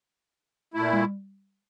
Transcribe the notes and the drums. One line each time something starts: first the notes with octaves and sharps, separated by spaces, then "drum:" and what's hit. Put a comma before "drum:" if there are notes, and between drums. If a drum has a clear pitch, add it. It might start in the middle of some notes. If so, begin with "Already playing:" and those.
A#2 A3 E4
drum: tom G3